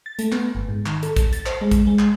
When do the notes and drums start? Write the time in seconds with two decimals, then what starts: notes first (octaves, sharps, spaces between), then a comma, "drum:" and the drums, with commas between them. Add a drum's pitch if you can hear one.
0.06 A6
0.19 A3, drum: hi-hat
0.32 B3, drum: clap
0.55 G1
0.68 G#2
0.86 D#3, drum: clap
1.03 A4, drum: hi-hat
1.16 drum: kick A#1, hi-hat
1.33 A6, drum: hi-hat
1.46 C5, drum: clap
1.61 G#3
1.71 drum: kick A#1, hi-hat
1.87 G#3
1.99 drum: clap